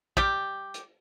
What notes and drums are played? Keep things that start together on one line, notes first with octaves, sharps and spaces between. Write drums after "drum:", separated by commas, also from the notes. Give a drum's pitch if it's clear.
G3 G4, drum: kick
drum: hi-hat